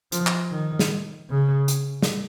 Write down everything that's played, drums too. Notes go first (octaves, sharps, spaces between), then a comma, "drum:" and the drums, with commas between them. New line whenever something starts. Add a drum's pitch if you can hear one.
F3, drum: hi-hat
drum: clap
D#3
drum: snare
C#3
drum: hi-hat
drum: snare